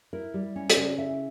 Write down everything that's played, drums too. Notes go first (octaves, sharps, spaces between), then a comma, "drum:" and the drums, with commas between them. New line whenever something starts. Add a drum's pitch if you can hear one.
E4 A#4
G3
C#4
D5, drum: hi-hat
C#3
E4 E5